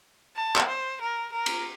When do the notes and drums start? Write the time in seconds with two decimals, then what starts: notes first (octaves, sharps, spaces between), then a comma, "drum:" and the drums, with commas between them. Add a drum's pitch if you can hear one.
0.36 A5
0.56 drum: clap
0.68 C5
1.00 A#4
1.32 A#4
1.46 drum: cymbal